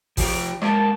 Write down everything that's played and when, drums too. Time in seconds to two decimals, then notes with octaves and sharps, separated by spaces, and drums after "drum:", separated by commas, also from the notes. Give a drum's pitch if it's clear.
0.17 F3 G4, drum: kick, open hi-hat
0.62 G#3 A#3 A#4 A5, drum: rim click